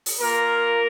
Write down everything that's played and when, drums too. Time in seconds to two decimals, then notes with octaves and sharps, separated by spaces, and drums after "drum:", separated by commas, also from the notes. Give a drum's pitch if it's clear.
0.06 drum: open hi-hat
0.20 A#3 F4 A#4